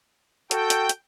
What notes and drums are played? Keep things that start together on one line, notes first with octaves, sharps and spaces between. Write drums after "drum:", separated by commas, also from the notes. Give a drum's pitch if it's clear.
F#4 A4 G5, drum: hi-hat
drum: hi-hat
drum: hi-hat